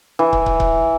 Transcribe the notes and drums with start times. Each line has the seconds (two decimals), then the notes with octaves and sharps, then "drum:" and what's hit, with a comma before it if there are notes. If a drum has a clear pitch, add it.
0.19 E3
0.33 drum: kick
0.46 drum: kick
0.60 drum: kick